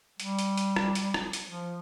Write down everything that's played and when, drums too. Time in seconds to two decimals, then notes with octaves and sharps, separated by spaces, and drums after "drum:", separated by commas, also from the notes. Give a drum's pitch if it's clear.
0.20 G3, drum: hi-hat
0.39 drum: hi-hat
0.57 drum: hi-hat
0.76 drum: rim click
0.95 drum: hi-hat
1.14 drum: rim click
1.33 drum: hi-hat
1.45 F3